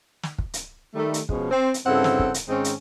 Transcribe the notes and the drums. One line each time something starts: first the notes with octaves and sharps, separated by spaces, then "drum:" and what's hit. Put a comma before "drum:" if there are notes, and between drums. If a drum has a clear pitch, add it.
drum: snare
drum: kick
drum: hi-hat
D#3 G3 A3
drum: hi-hat
B2 F3 G#3 C#4, drum: kick
C4
drum: hi-hat
G2 C#3 C4 E4 A4 F#5
drum: snare
drum: kick
drum: hi-hat
G#2 D#3 G#3 C4 C#4 D#4
drum: hi-hat